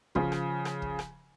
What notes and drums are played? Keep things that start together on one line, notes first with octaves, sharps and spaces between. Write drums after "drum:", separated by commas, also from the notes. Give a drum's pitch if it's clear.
C#3 F3, drum: kick
drum: rim click
drum: rim click
drum: kick
drum: rim click